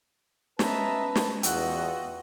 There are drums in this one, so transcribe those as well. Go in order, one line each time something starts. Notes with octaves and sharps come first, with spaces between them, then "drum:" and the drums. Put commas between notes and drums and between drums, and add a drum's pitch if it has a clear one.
B3 C#4 B4 D#5 E5 A5 A#5, drum: snare
drum: snare
E2 F4 F#4 D#5 G5 E6 F#6, drum: hi-hat